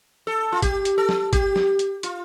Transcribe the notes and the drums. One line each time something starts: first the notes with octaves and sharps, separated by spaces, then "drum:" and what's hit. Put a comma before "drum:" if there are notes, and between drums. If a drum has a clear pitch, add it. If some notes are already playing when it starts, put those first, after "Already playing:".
A4
F4
G4, drum: kick G#1, hi-hat
drum: hi-hat
A4
drum: snare
G4, drum: kick G#1, hi-hat
drum: snare
drum: hi-hat
F4, drum: hi-hat